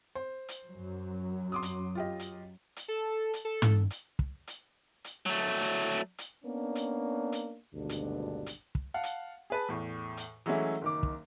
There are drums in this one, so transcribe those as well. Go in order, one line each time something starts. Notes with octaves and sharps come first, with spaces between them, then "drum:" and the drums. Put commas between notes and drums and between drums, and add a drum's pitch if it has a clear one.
C5
drum: hi-hat
F#2 F#3
C6 D6 D#6
drum: hi-hat
F4 G4 D#5
drum: hi-hat
drum: hi-hat
A4
drum: hi-hat
A4
drum: tom
drum: hi-hat
drum: kick
drum: hi-hat
drum: hi-hat
F#3 A3
drum: hi-hat
drum: hi-hat
A#3 B3 C#4 D4
drum: hi-hat
drum: hi-hat
G#1 D2 G2 B2 D4
drum: hi-hat
drum: hi-hat
drum: kick
F5 F#5 A5
drum: hi-hat
G#4 B4 A5
E2 A2
drum: hi-hat
E3 F#3 G#3 A3 C#4 E4
F#1 D#3 D6
drum: kick